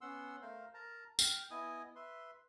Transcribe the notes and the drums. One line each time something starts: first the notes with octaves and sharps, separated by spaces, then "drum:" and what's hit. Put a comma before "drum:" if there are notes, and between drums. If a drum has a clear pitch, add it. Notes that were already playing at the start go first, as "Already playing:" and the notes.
B3 C#4 F#5 C6 E6
A3 A#4 C5 F5
A#4 A5 A#5
G5 F6, drum: tambourine
B3 E4 D#5 G#5 D#6
B4 E5 C6